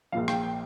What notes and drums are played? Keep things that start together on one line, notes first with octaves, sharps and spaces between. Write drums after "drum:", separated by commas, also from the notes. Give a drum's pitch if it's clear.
A#1 A#2 F3 F5
G5, drum: rim click
G5